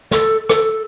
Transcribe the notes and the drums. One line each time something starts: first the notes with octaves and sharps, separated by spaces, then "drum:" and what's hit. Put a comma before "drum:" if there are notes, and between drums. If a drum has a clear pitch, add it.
A4, drum: snare
A4, drum: rim click